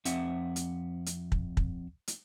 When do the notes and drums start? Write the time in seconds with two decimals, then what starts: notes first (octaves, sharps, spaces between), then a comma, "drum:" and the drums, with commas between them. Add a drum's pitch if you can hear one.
0.05 F2 C4 E5 F#5, drum: hi-hat
0.56 drum: hi-hat
1.06 drum: hi-hat
1.32 drum: kick
1.57 drum: kick
2.08 drum: hi-hat